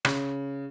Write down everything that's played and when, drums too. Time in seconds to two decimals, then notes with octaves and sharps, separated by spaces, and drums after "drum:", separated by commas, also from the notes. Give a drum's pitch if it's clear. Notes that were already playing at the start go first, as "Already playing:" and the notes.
0.05 C#3, drum: rim click